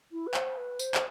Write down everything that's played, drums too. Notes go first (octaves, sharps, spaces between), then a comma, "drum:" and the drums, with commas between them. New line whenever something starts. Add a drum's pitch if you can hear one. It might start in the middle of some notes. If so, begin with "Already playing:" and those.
E4
B4
C5, drum: clap
B4
C5, drum: tambourine
drum: clap